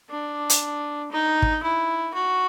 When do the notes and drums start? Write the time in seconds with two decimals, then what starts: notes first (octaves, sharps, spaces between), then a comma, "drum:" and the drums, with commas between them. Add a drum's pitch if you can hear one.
0.10 D4
0.50 drum: hi-hat
1.11 D#4
1.42 drum: kick
1.63 E4
2.14 F#4